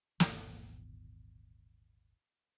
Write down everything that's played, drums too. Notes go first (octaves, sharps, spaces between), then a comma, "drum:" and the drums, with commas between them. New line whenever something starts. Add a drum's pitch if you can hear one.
D#1 G#1 B2 E3, drum: snare